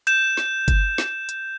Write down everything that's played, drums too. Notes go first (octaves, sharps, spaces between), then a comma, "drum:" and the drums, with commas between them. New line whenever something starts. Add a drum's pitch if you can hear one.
G6 E7, drum: hi-hat
drum: snare
drum: kick G1, hi-hat
drum: snare
drum: hi-hat